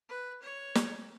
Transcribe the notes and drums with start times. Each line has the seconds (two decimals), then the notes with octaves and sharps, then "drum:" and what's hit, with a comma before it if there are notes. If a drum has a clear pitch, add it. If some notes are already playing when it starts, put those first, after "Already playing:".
0.09 B4
0.42 C#5
0.75 drum: snare